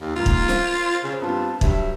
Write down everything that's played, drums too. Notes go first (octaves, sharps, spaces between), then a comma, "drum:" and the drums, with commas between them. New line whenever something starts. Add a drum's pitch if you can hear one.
D#2
C#2 G#2 A#3 F4
drum: kick
A#4 C5 F5, drum: snare
C#3
G2 B3 C4 F4 A5
G2 F#3 E5, drum: kick